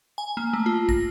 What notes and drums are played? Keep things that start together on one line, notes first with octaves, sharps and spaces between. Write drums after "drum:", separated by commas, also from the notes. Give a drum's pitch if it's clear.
G#5
A#3
A3
F4
A#6, drum: kick